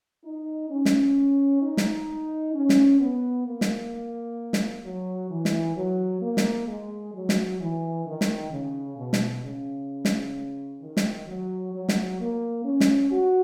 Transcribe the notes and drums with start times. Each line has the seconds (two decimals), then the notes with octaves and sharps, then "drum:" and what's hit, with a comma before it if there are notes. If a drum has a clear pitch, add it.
0.24 D#4
0.70 C#4
0.85 drum: snare
1.62 D#4
1.77 drum: snare
2.54 C#4
2.69 drum: snare
3.00 B3
3.46 A#3
3.61 drum: snare
4.53 drum: snare
4.84 F#3
5.30 E3
5.45 drum: snare
5.76 F#3
6.21 A#3
6.37 drum: snare
6.67 G#3
7.14 F#3
7.29 drum: snare
7.59 E3
8.06 D#3
8.21 drum: snare
8.51 C#3
8.98 B2
9.13 drum: snare
9.43 C#3
10.05 drum: snare
10.81 D#3
10.97 drum: snare
11.27 F#3
11.73 F#3
11.89 drum: snare
12.20 A#3
12.65 C#4
12.80 drum: snare
13.11 F#4